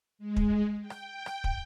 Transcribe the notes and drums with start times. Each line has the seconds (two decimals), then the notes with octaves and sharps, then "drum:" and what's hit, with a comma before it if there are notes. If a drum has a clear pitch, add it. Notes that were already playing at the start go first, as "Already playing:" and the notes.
0.19 G#3
0.36 drum: kick
0.80 G5
0.90 drum: rim click
1.26 drum: rim click
1.44 drum: kick